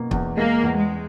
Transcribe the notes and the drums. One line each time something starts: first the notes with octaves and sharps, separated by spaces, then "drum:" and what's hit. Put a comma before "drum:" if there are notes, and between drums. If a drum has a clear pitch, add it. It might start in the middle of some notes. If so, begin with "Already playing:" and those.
Already playing: B2 A#3
E2, drum: kick C#1
G#3 A#3
E2
G#3